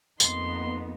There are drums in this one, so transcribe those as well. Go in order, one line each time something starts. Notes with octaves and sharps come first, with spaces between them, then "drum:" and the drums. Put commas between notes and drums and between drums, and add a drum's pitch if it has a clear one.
F2 A#3 B3 D#4 C6, drum: tambourine